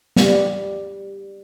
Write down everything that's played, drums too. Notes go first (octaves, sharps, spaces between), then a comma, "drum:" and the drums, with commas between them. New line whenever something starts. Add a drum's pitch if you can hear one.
G3, drum: snare